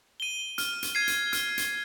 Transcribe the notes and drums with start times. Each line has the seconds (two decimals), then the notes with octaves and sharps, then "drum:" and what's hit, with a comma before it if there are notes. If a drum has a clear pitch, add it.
0.20 D#7 G7
0.58 F6, drum: hi-hat
0.83 drum: hi-hat
0.95 G#6 C7 D#7
1.08 drum: hi-hat
1.33 F6, drum: hi-hat
1.58 drum: hi-hat